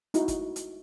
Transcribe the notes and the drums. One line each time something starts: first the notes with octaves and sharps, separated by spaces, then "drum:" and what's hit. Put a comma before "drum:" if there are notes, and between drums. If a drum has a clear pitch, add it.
D#4 E4 F#4, drum: hi-hat
drum: kick G1, hi-hat
drum: hi-hat